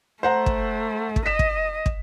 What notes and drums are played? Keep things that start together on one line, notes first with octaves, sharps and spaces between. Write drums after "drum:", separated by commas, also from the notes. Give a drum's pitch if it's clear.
A3 C5 F#5 A#5
drum: kick
drum: kick
D#5 B6 E7
drum: kick
drum: kick